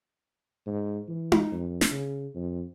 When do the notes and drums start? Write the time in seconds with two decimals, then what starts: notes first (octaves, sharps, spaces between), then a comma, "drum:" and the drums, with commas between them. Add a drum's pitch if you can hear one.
0.66 G#2
1.08 E3
1.32 drum: tom D#4
1.52 F2
1.81 drum: snare
1.91 C#3
2.35 F2